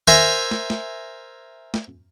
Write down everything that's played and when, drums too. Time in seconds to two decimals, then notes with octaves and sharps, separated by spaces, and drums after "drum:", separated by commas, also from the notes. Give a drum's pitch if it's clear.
0.07 A#4 C5 E5 G#5 A#5, drum: tom D#3
0.51 drum: snare
0.70 drum: snare
1.74 drum: snare